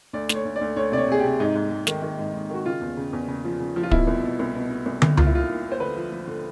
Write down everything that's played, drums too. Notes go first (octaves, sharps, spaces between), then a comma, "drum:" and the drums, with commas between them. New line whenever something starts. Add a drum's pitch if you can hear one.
D2 D5
D2, drum: snare
C#5
D2
D5
D2
D2 C#5
C3 D5
C#5
C3 G#4
C3 G4
G#2 D#4
G#2
G#2
D#3, drum: snare
D#3
G#2
G#2
D#3 F#4
C#3 F4
E2
C#3
E2
C#3
F3
C#3
F3
F4
B2 E4, drum: kick
C2
B2
C2
B2
B2
C2
C2, drum: tom
D#2 F4, drum: tom C#2
E4
D#2 F4
D#2
D#2
C5
D3 B4
F3
F3
D3